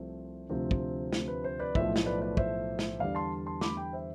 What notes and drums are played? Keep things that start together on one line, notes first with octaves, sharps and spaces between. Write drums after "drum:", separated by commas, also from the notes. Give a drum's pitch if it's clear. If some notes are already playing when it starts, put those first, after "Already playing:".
Already playing: C2 C3 F3 A3 C4
D2 C3 F3 C4
drum: kick
drum: snare
B4
C5
B4 D5
B1 A2 F3 A3 C5 E5, drum: kick
drum: snare
B4 D5
B4 D5
C5 E5, drum: kick
drum: snare
E2 D3 G3 D5 F5
A5 C6
A5 C6
B5 D6, drum: snare
G5 B5
C5 E5